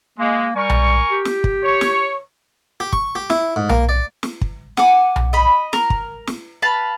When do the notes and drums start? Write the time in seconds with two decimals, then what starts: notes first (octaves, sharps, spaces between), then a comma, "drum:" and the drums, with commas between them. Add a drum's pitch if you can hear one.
0.18 G#3 A#3
0.55 G3 A#4 G#5 C#6
0.70 drum: tom B1
1.11 G4
1.25 drum: snare
1.44 drum: kick
1.63 C#5
1.81 drum: snare
2.80 G4
2.93 C#6, drum: kick
3.15 G4
3.30 E4, drum: snare
3.56 G#2
3.69 A#3, drum: tom B1
3.89 D5
4.23 drum: snare
4.41 drum: kick
4.77 F#5 G#5 D6, drum: snare
5.16 drum: tom B1
5.33 D#5 B5
5.73 A#4, drum: snare
5.90 drum: kick
6.27 drum: snare
6.62 B4 F5 A5